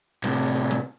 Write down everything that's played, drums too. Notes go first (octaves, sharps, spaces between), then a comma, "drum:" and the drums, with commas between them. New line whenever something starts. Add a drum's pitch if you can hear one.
A2 C3, drum: snare
drum: hi-hat
drum: snare